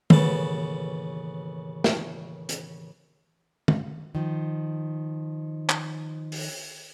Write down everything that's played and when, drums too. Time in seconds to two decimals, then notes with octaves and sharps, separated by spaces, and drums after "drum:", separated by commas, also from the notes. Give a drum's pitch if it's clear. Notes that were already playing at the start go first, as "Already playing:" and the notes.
0.10 A1 D#2 C#3 B3 A5, drum: tom
1.84 drum: snare
2.49 drum: hi-hat
3.68 drum: tom
4.15 D#3 F3
5.69 drum: clap
6.32 drum: open hi-hat